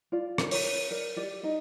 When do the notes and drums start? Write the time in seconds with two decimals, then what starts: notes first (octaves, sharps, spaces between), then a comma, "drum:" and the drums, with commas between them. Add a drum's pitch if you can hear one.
0.12 F4 D5
0.38 A#4, drum: rim click
0.51 C#5, drum: open hi-hat
0.65 A#4
0.91 A#4 D5
1.17 G4 D5
1.43 D#4 D#5